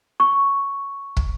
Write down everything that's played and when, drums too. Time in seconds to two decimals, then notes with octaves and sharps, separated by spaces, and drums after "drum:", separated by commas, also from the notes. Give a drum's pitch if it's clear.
0.20 C#6
1.17 drum: kick